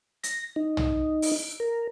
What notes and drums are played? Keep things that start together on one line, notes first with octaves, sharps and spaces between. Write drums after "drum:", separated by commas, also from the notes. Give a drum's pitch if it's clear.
A#6, drum: hi-hat
D#4
drum: tom
drum: open hi-hat
A#4